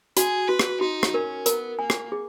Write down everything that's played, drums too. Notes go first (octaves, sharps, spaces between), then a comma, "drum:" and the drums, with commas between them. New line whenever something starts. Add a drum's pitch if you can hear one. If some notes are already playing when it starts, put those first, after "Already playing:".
F#4 G#4, drum: hi-hat
F#4 B4
drum: rim click
D#4 F#4
drum: rim click
C#4 A#4
B3 A#4, drum: hi-hat
A#3 G#5
drum: rim click
G#4